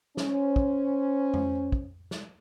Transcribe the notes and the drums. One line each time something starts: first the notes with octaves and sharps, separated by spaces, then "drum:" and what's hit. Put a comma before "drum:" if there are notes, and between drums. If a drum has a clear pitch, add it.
C#4 C5, drum: snare
drum: kick
drum: tom F2
drum: kick
drum: snare